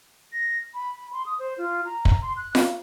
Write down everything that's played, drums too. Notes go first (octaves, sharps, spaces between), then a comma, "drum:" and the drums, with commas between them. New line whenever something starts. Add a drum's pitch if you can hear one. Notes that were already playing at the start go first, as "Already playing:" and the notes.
A#6
B5
C6
D#6
C5
F4
A#5
drum: kick
C6
F#6
F5, drum: snare F4